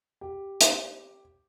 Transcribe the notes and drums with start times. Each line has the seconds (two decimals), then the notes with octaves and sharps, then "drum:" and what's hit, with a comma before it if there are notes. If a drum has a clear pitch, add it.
0.21 G4
0.61 drum: hi-hat